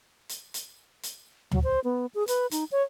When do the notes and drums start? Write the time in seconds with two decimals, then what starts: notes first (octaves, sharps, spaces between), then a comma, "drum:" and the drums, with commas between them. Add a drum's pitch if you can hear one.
0.29 drum: hi-hat
0.54 drum: hi-hat
1.03 drum: hi-hat
1.51 F#3, drum: tom
1.64 C5
1.84 B3
2.15 G#4
2.28 B4, drum: hi-hat
2.51 D#4, drum: hi-hat
2.72 C#5